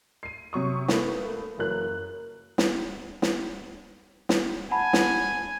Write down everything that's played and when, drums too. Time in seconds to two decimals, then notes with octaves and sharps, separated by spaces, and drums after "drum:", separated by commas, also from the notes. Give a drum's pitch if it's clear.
0.23 C7 D#7
0.53 C3 F#3 C#6 D#6
0.88 A3 A#3 B4, drum: snare
1.58 F#1 E3 F#3 A#4 F#6
2.58 drum: snare
3.22 drum: snare
4.29 drum: snare
4.71 F#5 G#5 A5 B5
4.93 drum: snare